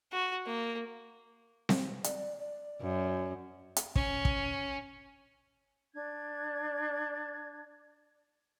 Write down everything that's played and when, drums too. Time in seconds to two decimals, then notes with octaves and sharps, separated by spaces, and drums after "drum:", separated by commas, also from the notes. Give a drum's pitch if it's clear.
0.12 F#4
0.46 A#3
1.69 drum: snare C4
2.04 D5, drum: hi-hat
2.38 D5
2.81 F#2
3.76 drum: hi-hat
3.96 C#4, drum: kick
4.25 drum: kick
5.93 D4 G#6